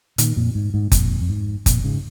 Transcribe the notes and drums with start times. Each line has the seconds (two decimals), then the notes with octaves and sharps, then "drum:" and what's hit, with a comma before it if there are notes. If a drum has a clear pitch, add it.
0.18 A#2 D#3, drum: hi-hat
0.36 F2 A#2
0.55 G#2
0.74 G#2
0.92 F2 A#2, drum: kick F#1, hi-hat
1.21 F2
1.29 G#2
1.66 F2 A#2, drum: kick F#1, hi-hat
1.84 G#2 C#3